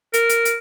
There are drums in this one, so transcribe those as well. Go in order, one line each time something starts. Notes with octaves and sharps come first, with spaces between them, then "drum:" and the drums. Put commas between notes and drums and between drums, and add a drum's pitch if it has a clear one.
A#4, drum: hi-hat
drum: hi-hat
drum: hi-hat